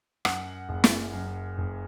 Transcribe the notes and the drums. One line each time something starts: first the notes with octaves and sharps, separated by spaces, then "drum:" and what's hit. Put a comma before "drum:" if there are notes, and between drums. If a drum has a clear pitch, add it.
F#2 F#5, drum: rim click
F#1
drum: snare
F#2
F#1